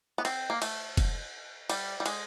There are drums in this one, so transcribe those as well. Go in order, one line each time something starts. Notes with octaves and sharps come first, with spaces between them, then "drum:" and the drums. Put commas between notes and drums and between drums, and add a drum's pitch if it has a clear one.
B3
C4, drum: cymbal
A#3
A3, drum: cymbal
drum: kick F1, cymbal
G3, drum: cymbal
G3
G#3, drum: cymbal